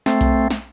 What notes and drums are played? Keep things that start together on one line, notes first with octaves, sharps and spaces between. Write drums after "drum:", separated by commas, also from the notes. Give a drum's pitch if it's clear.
A3 C4, drum: snare
drum: kick B1, hi-hat
drum: snare